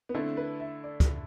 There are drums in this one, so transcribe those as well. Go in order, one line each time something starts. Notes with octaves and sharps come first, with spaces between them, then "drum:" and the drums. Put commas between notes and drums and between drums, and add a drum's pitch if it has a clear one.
B3
D3 A3 C4 E4 A4
B4
E5
D5
drum: kick, hi-hat